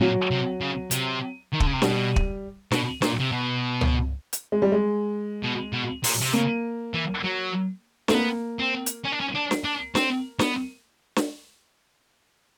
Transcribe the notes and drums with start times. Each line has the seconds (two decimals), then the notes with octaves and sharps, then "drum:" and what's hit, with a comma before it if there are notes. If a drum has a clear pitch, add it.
0.01 A#2 F#3
0.31 C3
0.61 C#3
0.91 C3, drum: hi-hat
1.53 D#3
1.60 D3, drum: kick
1.67 C#3
1.74 C3
1.82 B2 G3, drum: snare
2.16 drum: kick
2.71 B2, drum: snare
3.02 A#2, drum: snare
3.20 C3
3.32 B2
3.81 drum: tom C#2
4.33 drum: hi-hat
4.52 G#3
4.62 G3
4.72 G#3
5.43 B2
5.73 B2
6.04 A#2, drum: open hi-hat
6.21 C3
6.33 C#3 A#3
6.94 E3
7.24 F#3
8.08 A3 C4, drum: snare
8.14 A#3 B3
8.59 C4
8.86 drum: hi-hat
9.04 C#4
9.12 D4
9.20 C#4
9.34 D4
9.51 drum: snare
9.64 D4
9.95 C4, drum: snare
10.39 B3, drum: snare
11.16 drum: snare